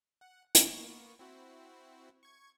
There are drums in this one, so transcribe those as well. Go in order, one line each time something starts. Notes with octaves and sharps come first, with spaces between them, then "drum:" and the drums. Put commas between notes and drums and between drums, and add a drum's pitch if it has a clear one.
F#5
A#3 B3 C#6, drum: hi-hat
C4 E4 F#4
C#6 G#6